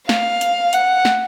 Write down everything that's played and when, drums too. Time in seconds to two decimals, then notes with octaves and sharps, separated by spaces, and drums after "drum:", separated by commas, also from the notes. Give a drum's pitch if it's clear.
0.09 F5, drum: snare
0.41 drum: hi-hat
0.73 F#5, drum: hi-hat
1.05 drum: snare